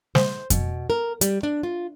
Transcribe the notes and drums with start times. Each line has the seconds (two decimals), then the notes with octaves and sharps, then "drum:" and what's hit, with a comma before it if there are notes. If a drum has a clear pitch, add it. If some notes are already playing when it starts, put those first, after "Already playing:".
0.15 C5, drum: snare
0.50 B2, drum: kick F2, hi-hat
0.90 A#4
1.21 G3, drum: hi-hat
1.43 D4
1.63 F4